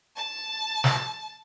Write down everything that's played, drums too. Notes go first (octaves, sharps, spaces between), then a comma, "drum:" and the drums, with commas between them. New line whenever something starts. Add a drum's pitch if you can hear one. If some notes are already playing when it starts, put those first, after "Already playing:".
A5
drum: snare